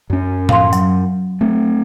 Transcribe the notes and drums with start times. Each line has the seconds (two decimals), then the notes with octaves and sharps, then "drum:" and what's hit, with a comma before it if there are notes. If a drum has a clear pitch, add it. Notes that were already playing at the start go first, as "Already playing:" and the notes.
0.10 F#2 C#4
0.49 F5 C6, drum: tom A2
0.73 F#3, drum: tambourine
1.41 A3 C4